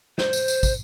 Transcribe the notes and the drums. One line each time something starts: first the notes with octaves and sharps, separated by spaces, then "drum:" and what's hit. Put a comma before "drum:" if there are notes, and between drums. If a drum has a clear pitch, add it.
C5, drum: snare
drum: tambourine
drum: tambourine
drum: kick, tambourine